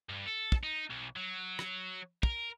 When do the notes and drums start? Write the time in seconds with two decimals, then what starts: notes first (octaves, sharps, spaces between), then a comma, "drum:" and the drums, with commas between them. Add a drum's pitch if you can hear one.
0.09 G2
0.26 A4
0.52 drum: kick
0.63 D#4
0.90 B1
1.16 F#3
1.59 drum: rim click
2.23 A#4, drum: kick